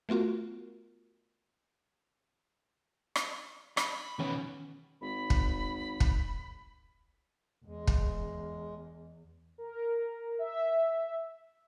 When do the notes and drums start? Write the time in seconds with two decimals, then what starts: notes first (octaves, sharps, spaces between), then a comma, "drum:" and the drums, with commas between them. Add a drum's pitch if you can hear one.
0.09 A3 B3 F4 F#4 A#4
3.15 drum: rim click
3.77 B5, drum: rim click
4.19 E2 B2 D#3 C#4
5.01 G#1 B5
5.30 drum: kick
6.00 drum: kick
7.65 E2 G#3
7.87 drum: kick
9.58 A#4
10.39 E5